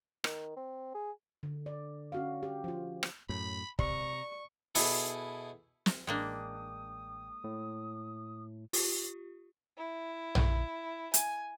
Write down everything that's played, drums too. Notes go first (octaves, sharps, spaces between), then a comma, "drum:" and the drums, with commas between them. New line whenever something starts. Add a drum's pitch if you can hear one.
D#3, drum: rim click
C4
G#4
D3
D5
C#4 F#4 F5
G4
F3 F4
drum: rim click
F#2 A2 B5
C3 D5 A#5 C#6, drum: kick
B2 E4 G#4 A4, drum: open hi-hat
drum: snare
A1 G#3 A#3 D4 G5 D#6
A2
F4 G4, drum: open hi-hat
E4
drum: tom A#1
G#5, drum: hi-hat